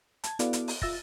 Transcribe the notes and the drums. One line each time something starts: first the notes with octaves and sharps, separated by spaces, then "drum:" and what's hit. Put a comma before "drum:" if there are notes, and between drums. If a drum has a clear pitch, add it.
A5 G#6, drum: hi-hat
B3 E4 F#4 A4 D5 F5, drum: hi-hat
drum: hi-hat
drum: open hi-hat
F4 E5 E6 A6 A#6, drum: kick